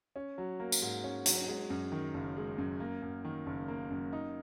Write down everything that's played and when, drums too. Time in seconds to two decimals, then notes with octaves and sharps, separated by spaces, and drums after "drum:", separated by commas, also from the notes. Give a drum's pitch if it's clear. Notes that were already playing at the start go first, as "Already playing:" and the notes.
0.16 C#4
0.38 F#3
0.60 A#3
0.72 drum: tambourine
0.82 G#2
1.04 C#4
1.26 F#3, drum: hi-hat
1.48 G#3
1.70 F#2
1.92 D#3
2.14 F#1
2.37 G#3
2.58 F#2
2.80 A#3
3.02 F#2
3.24 D#3
3.46 F#1
3.68 A#3
3.90 F#2
4.13 D#4